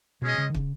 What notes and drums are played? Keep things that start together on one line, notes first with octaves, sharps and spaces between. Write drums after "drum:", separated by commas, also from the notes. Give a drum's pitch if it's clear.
B2 G#3 C#4 G#4 D#5
C#3
D#3
C#3, drum: kick